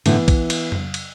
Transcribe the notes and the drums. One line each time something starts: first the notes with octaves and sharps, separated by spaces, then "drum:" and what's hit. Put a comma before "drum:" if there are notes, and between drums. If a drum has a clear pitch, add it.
A2 D3 E3 B3 E4, drum: cymbal
drum: kick B1, cymbal
drum: cymbal
drum: tom F2
drum: cymbal